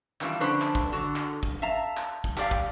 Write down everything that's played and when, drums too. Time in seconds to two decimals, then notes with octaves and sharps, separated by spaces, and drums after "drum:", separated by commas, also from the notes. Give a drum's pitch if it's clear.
0.21 D#3 E3 G3 D4 F4, drum: clap
0.40 D3 F3 C#4 D4 B4 C5
0.62 drum: clap
0.75 drum: kick
0.92 D3 F#4
1.16 drum: clap
1.43 drum: kick
1.62 E5 F5 A5 A#5
1.97 drum: clap
2.24 drum: kick
2.37 G4 D5 F5, drum: clap
2.51 drum: kick